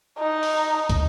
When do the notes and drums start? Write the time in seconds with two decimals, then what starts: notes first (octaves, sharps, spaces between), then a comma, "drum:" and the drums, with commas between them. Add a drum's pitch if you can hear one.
0.19 D#4
0.43 drum: open hi-hat
0.89 drum: kick, hi-hat